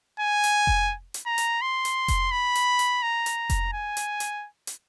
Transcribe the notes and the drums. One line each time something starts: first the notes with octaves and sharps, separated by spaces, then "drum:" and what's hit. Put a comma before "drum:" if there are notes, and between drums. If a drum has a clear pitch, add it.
G#5
drum: hi-hat
drum: kick F1
drum: hi-hat
A#5
drum: hi-hat
C6
drum: hi-hat
drum: kick F1, hi-hat
B5
drum: hi-hat
drum: hi-hat
A#5
drum: hi-hat
drum: kick F1, hi-hat
G#5
drum: hi-hat
drum: hi-hat
drum: hi-hat